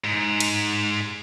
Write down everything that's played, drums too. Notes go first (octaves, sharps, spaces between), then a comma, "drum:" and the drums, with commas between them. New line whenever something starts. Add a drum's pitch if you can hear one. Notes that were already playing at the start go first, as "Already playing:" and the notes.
G#2
drum: cymbal